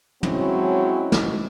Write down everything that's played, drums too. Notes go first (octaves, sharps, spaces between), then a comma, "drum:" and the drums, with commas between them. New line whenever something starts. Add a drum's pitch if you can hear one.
F#3 G#3 C4 C#4 E4 F#4, drum: tom
drum: snare